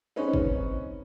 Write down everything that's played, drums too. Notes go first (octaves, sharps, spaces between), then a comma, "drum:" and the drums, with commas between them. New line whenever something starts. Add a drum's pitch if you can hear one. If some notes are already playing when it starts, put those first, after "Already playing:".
C4 C#4 D#4 B4
drum: kick